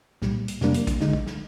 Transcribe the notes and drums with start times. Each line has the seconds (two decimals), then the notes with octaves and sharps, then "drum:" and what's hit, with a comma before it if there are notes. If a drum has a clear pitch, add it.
0.22 C2 A#2 G3, drum: snare
0.48 drum: hi-hat
0.61 F2 C3 G3 A#3 D4, drum: snare
0.74 drum: hi-hat
0.87 drum: kick, hi-hat
1.00 D3 G#3 D#4, drum: snare
1.13 drum: kick
1.26 drum: snare